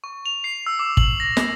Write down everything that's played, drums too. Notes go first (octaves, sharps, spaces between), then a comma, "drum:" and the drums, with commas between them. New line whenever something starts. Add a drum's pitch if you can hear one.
C#6
F7
C7
E6
D6
F#7, drum: kick
A#6
drum: snare